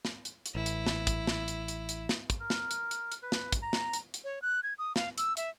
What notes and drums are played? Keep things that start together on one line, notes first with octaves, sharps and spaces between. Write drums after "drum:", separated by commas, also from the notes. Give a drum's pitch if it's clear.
drum: snare
drum: hi-hat
drum: hi-hat
A1 E4
drum: hi-hat
drum: snare
drum: kick, hi-hat
drum: snare
drum: hi-hat
drum: hi-hat
drum: hi-hat
drum: snare
drum: kick, hi-hat
A#4
drum: snare
drum: hi-hat
drum: hi-hat
drum: hi-hat
B4
drum: snare
drum: kick, hi-hat
A#5
drum: snare
drum: hi-hat
drum: hi-hat
C#5
F#6
G#6
D#6
F5, drum: snare
E6, drum: hi-hat
E5, drum: hi-hat